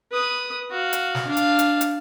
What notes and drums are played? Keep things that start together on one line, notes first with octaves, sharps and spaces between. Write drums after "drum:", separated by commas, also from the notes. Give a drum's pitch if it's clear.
B4 D#6
F#4 F5
drum: hi-hat
drum: snare
D4 F5
drum: hi-hat
drum: hi-hat
drum: hi-hat